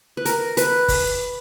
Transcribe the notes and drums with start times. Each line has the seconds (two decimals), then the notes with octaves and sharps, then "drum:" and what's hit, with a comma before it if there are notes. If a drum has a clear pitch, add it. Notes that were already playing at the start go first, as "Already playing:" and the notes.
0.17 B4
0.25 A#4, drum: hi-hat
0.57 B4, drum: hi-hat
0.88 drum: kick G1, open hi-hat